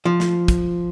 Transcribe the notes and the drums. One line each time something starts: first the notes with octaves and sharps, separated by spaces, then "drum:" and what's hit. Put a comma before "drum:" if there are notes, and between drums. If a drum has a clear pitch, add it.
F3
drum: snare
drum: kick, hi-hat